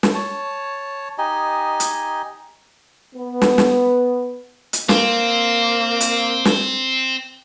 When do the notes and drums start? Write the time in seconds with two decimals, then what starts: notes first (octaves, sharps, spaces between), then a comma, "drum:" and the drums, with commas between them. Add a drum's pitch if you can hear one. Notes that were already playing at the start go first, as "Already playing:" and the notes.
0.03 drum: snare
0.15 C#5 A5
1.18 D#4 G4 D#5 G#5
1.80 drum: hi-hat
3.15 B3
3.42 drum: snare
3.58 drum: snare
4.73 drum: hi-hat
4.89 A#3 C4, drum: snare
6.00 drum: hi-hat
6.45 drum: snare